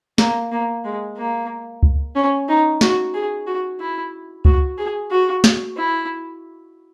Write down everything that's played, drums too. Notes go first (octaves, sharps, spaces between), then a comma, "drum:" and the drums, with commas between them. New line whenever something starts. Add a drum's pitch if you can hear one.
A#3, drum: snare
A#3
G#3
A#3
drum: kick C#2
C#4
D#4
F#4, drum: snare
G#4
F#4
E4
F#4, drum: kick C#2
G#4
F#4
drum: snare
E4